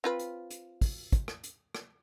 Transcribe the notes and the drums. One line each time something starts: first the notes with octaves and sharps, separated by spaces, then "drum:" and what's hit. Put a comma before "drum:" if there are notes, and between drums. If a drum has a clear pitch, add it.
C4 F4 B4
drum: hi-hat
drum: hi-hat
drum: kick, open hi-hat
drum: kick, hi-hat
drum: rim click
drum: hi-hat
drum: rim click